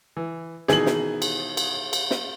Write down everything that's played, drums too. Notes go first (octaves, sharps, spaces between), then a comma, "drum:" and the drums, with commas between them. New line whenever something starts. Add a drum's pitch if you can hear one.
E3
B2 D#3 E3 G#4 F#7, drum: snare
drum: snare
drum: cymbal
drum: cymbal
drum: cymbal
drum: snare